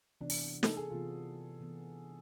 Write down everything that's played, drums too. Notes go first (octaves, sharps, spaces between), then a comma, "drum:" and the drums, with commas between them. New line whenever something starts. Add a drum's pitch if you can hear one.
C3 E3 B3 D4
drum: open hi-hat
A4, drum: snare
G#4
C3 E3 B3 F4
C3 E3 B3